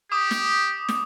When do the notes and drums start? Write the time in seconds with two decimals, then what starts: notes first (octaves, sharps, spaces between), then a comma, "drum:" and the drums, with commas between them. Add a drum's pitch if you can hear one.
0.12 G4 D6 D#6
0.31 drum: snare
0.89 drum: snare